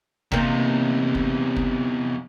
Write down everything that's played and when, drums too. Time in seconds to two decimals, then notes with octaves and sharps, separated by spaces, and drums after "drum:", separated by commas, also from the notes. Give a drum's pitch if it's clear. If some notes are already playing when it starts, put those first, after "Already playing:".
0.32 E2 C3 A#3 D#4, drum: kick
1.15 drum: kick
1.56 drum: kick